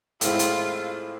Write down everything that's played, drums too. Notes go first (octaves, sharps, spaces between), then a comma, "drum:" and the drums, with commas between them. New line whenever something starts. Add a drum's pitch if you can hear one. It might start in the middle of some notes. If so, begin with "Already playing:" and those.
A2 G#3 C4 E4 F4, drum: hi-hat
drum: hi-hat